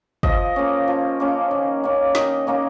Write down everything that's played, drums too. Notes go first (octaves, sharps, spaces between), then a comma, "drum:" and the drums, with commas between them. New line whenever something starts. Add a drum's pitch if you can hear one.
F3 D#5, drum: kick
A#3 C#4
F3
A#3 C#4
D#3
A#3 C#4
D#3 D#5, drum: snare
A#3 C#4